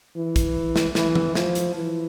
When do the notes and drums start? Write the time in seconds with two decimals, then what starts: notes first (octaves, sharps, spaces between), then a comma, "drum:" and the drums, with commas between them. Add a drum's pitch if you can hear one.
0.16 E3
0.36 drum: kick, hi-hat
0.76 drum: snare
0.95 E3, drum: snare
1.15 drum: tom E3
1.35 F3, drum: snare
1.55 drum: hi-hat
1.75 E3